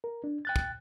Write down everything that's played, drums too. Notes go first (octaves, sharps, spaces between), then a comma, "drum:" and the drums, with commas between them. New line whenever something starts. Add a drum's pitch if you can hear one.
A#4
D4
G5 F#6 A6
drum: kick